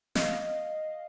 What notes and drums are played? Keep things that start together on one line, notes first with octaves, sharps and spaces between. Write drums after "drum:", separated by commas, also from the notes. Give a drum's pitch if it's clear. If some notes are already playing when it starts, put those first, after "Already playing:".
D#5 F5, drum: snare